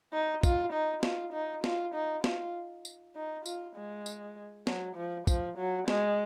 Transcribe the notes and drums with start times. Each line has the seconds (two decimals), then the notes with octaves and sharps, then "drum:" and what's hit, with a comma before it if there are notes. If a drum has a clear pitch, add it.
0.13 D#4
0.43 F4, drum: kick, tambourine
0.73 D#4
1.03 F4, drum: snare
1.33 D#4
1.64 F4, drum: snare
1.95 D#4
2.24 F4, drum: snare
2.85 drum: tambourine
3.16 D#4
3.46 F4, drum: tambourine
3.76 G#3
4.06 drum: tambourine
4.67 F#3, drum: snare
4.96 F3
5.27 F3, drum: kick, tambourine
5.58 F#3
5.88 G#3, drum: snare